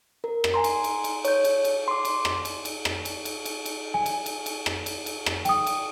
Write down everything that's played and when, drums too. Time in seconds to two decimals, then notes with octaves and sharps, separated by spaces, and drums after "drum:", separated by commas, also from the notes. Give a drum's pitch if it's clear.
0.24 A#4
0.44 drum: rim click
0.54 G#5 A#5 C6
0.64 drum: cymbal
0.84 drum: cymbal
1.04 drum: cymbal
1.25 C#5 G6, drum: cymbal
1.44 drum: cymbal
1.65 drum: cymbal
1.88 C6 D6
2.05 drum: cymbal
2.25 drum: rim click
2.45 drum: cymbal
2.65 drum: cymbal
2.85 drum: rim click
3.05 drum: cymbal
3.25 drum: cymbal
3.45 drum: cymbal
3.66 drum: cymbal
3.94 G#5
4.06 drum: cymbal
4.26 drum: cymbal
4.46 drum: cymbal
4.66 drum: rim click
4.86 drum: cymbal
5.06 drum: cymbal
5.26 drum: rim click
5.45 G5 D#6, drum: cymbal
5.67 drum: cymbal